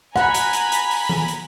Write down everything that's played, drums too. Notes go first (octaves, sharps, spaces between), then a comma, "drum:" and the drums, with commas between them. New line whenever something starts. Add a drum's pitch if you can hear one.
F#5 G#5 A#5 B5, drum: rim click
drum: hi-hat
drum: hi-hat
drum: hi-hat
drum: open hi-hat
drum: tom D#3
drum: hi-hat